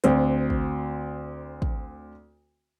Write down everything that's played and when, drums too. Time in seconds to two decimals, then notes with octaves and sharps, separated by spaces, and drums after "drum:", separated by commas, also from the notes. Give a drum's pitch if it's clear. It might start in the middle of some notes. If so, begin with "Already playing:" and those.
0.04 D2 C4, drum: hi-hat
0.50 drum: kick
1.62 drum: kick